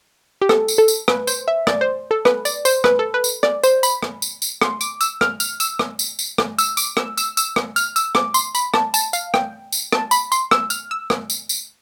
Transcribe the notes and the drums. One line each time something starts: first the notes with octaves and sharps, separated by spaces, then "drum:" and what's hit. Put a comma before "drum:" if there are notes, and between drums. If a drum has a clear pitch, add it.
G4
A4, drum: rim click
drum: tambourine
A4
drum: tambourine
B4, drum: rim click
C5, drum: tambourine
E5
D5, drum: rim click
C5
A4
B4, drum: rim click
D5, drum: tambourine
C5, drum: tambourine
B4, drum: rim click
A4
B4
drum: tambourine
D5, drum: rim click
C5, drum: tambourine
B5, drum: tambourine
drum: rim click
drum: tambourine
drum: tambourine
C6, drum: rim click
D6, drum: tambourine
E6, drum: tambourine
F6, drum: rim click
F6, drum: tambourine
E6, drum: tambourine
drum: rim click
drum: tambourine
drum: tambourine
drum: rim click
E6, drum: tambourine
D6, drum: tambourine
E6, drum: rim click
E6, drum: tambourine
E6, drum: tambourine
drum: rim click
F6, drum: tambourine
E6, drum: tambourine
D6, drum: rim click
C6, drum: tambourine
B5, drum: tambourine
A5, drum: rim click
A5, drum: tambourine
F5, drum: tambourine
G5, drum: rim click
drum: tambourine
A5, drum: rim click
B5, drum: tambourine
C6, drum: tambourine
E6, drum: rim click
F6, drum: tambourine
E6
drum: rim click
drum: tambourine
drum: tambourine